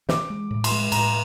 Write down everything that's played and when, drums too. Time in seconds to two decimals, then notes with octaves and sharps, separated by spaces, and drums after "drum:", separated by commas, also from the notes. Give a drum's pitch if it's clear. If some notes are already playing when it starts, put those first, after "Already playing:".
0.09 E3 D6, drum: snare
0.30 G#3
0.51 A2
0.64 C6, drum: cymbal
0.71 G#3
0.92 A2 A#5, drum: cymbal